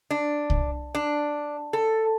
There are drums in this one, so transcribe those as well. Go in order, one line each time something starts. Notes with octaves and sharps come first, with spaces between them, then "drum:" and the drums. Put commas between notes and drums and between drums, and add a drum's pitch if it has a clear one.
D4
drum: kick C2
D4
A4